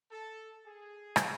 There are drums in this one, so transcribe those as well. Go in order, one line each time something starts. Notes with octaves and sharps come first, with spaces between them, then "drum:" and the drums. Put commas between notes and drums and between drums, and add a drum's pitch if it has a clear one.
A4
G#4
drum: rim click